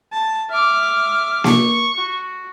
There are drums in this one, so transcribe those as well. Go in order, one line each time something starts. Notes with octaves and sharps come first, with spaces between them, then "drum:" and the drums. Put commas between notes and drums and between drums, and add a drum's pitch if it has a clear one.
A5
E5 D6 F6
C#6, drum: snare A#3
F#4